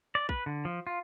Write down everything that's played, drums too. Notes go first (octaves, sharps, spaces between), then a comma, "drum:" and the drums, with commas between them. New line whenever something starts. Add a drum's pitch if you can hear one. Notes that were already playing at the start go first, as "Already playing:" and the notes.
D5
B4, drum: kick
D3
F3
F4